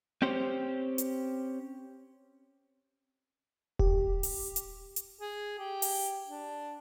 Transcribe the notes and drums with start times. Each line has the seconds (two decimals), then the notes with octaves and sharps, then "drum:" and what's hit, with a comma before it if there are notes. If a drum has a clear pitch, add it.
0.22 C4 C#4 G4 C5
0.98 drum: hi-hat
3.79 G4, drum: kick D#1
4.23 drum: open hi-hat
4.56 drum: hi-hat
4.96 drum: hi-hat
5.19 G#4
5.59 G4
5.82 drum: open hi-hat
6.27 D4